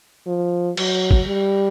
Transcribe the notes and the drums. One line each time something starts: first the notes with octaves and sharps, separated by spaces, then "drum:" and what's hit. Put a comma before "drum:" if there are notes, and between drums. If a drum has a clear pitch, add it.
F3
F#3, drum: cymbal
drum: kick
G3